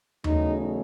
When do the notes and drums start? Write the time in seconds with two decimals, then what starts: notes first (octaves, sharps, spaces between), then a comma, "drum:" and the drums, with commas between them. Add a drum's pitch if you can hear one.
0.24 E2 C#3 F#3 A3 D#4, drum: tom D#2